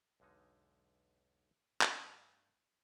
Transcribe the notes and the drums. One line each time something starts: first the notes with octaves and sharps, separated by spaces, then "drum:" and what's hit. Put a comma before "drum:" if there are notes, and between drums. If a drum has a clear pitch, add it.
B1 E2 D3 G#3 D#4
G2 A3, drum: clap